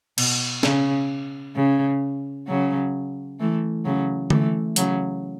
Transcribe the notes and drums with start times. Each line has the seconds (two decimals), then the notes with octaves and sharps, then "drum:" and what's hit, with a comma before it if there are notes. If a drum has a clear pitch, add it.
0.18 B2, drum: cymbal
0.63 C#3, drum: snare
1.55 C#3
2.47 C#3 F#3
3.40 E3 A3
3.85 C#3 F#3
4.30 E3 A3, drum: tom D3
4.76 C#3 F#3, drum: hi-hat